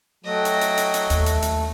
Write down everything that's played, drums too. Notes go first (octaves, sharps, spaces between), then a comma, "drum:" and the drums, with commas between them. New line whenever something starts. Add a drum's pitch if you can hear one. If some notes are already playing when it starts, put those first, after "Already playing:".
F#3 A3 D#5 G5
drum: hi-hat
drum: hi-hat
drum: hi-hat
drum: hi-hat
D#2 A3, drum: hi-hat
drum: hi-hat
drum: hi-hat